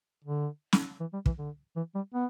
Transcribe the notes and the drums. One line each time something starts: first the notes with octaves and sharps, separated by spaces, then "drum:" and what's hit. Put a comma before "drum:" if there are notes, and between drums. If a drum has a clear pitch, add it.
D3
drum: snare
E3
G3
E3, drum: kick
D3
E3
G3
B3